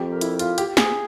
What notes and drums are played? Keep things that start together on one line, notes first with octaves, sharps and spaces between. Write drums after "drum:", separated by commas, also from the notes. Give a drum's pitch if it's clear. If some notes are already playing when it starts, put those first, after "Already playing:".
Already playing: F2 G4
A#4
E4, drum: hi-hat
F4, drum: hi-hat
G4, drum: hi-hat
G#4, drum: snare